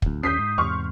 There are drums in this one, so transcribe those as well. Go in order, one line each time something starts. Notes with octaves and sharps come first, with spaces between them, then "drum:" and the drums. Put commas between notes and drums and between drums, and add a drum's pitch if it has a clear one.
D1 D2, drum: kick
D#2 C#4 D#6 G6 B6 C7
G#2
E2 G#2 C3 C6 C#6 F6